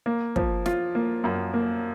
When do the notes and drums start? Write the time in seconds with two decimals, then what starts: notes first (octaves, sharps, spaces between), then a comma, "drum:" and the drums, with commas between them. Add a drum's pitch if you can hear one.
0.06 A#3
0.36 F3, drum: kick
0.66 F4, drum: snare
0.95 A#3
1.24 F#2
1.54 A#3